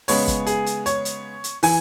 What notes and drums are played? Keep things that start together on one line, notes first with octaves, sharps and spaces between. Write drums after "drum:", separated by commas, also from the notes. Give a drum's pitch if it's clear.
C#3 G#3 B3 C#5, drum: open hi-hat
drum: kick, hi-hat
G#4, drum: hi-hat
drum: hi-hat
C#5, drum: hi-hat
drum: hi-hat
drum: hi-hat
E3 G#5, drum: open hi-hat